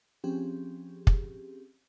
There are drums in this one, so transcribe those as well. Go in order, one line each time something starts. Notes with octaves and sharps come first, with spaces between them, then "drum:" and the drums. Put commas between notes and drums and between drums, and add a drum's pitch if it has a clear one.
F3 C4 C#4 G4 G#4
drum: kick